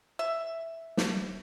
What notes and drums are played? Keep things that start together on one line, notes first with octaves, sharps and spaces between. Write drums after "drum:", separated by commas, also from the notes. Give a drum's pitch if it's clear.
E5
drum: snare